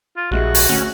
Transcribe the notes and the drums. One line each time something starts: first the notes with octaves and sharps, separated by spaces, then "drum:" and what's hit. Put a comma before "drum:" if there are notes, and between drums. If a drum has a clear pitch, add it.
F4
A#1 G3 G#3 E4 F#4
drum: open hi-hat
D2 C#4